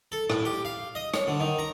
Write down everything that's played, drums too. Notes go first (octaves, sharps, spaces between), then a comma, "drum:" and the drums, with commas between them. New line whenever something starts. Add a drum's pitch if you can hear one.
A4
A2, drum: rim click
G4
F5
D#5
C#5, drum: rim click
D3
D#3
A#5